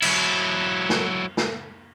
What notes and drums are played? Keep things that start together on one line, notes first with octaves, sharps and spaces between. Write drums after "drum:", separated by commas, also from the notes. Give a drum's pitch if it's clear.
F#3 E4, drum: cymbal
drum: snare
drum: snare